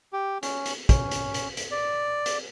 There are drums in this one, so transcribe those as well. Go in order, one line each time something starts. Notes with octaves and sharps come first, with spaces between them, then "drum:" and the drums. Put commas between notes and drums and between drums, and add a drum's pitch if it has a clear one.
G4
C#4, drum: hi-hat
drum: hi-hat
C#4, drum: kick, hi-hat
drum: hi-hat
drum: hi-hat
drum: hi-hat
D5
drum: hi-hat